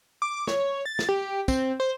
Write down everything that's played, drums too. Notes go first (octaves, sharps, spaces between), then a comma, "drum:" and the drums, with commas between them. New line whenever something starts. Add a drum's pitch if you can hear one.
D6
C#5, drum: snare
A6
drum: snare
G4
C4, drum: kick, tambourine
C5